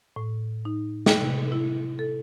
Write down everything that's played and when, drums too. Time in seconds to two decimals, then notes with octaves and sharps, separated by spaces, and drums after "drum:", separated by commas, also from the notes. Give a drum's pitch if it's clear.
0.16 A2
0.65 D#4
1.06 G5, drum: snare
1.20 C3
1.52 E4
1.99 A4